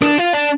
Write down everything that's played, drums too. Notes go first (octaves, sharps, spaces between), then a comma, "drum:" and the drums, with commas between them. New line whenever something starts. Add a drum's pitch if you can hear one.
D4, drum: rim click
F4
D4